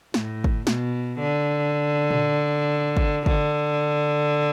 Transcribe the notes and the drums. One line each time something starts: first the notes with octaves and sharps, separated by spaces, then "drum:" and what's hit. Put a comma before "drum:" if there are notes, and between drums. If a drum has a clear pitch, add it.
A2, drum: snare
drum: kick
B2, drum: snare
D3
drum: tom A#2
drum: kick
D3, drum: kick